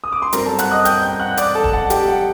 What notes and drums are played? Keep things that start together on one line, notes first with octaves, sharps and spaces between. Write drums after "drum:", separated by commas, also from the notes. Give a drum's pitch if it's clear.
D#6
D6
C6
G2 F#3 C4 A#4 A#5, drum: hi-hat
A4 A5
F#5 F#6, drum: hi-hat
D#5 D#6
G5 G6, drum: hi-hat
G5 G6
F#5 F#6
D5 D6, drum: hi-hat
A4 A5
drum: kick D#1
F#5
G4 G5, drum: hi-hat
F#5